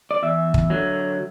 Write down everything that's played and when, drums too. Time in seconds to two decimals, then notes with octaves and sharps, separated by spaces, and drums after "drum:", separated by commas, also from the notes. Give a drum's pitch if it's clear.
0.11 D5
0.22 E2 E5
0.54 drum: kick
0.70 D3 F#3